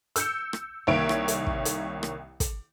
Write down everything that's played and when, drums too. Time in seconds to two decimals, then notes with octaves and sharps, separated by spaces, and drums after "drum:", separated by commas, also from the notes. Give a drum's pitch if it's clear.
0.16 E6 G6 C#7, drum: hi-hat
0.53 drum: rim click
0.87 C2 D#3 A#3 C#5 E5 D7
1.09 drum: rim click
1.28 drum: hi-hat
1.47 drum: kick
1.65 drum: hi-hat
2.03 drum: rim click
2.40 drum: kick, hi-hat